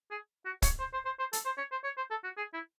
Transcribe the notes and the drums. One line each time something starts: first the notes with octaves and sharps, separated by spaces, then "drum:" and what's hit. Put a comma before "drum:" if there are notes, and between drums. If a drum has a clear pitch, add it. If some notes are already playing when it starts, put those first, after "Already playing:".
G#4
F#4
C#5, drum: kick, hi-hat
C5
C5
C5
C5
A4, drum: hi-hat
C5
C#5
C5
C#5
C5
A4
F#4
G#4
E4